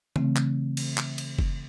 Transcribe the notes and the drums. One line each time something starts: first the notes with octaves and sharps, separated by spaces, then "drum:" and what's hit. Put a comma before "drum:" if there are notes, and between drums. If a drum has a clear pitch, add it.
C#3 E3 A3 C4, drum: tom
drum: clap
drum: cymbal
drum: clap
drum: cymbal
drum: kick